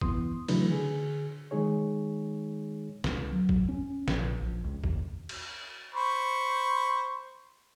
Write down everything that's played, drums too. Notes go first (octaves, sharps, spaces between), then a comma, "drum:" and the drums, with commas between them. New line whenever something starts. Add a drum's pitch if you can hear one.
E3 B3 C6 D#6, drum: kick
C#3 E3 F#3 A3 D4 B4, drum: cymbal
D3 G#4
D#3 G#3 D#4 G#4 C#5
C#2, drum: snare
F#3
drum: kick
C#4
A#1, drum: snare
A#1
C#2
D#2, drum: kick
drum: cymbal
C5 B5 C#6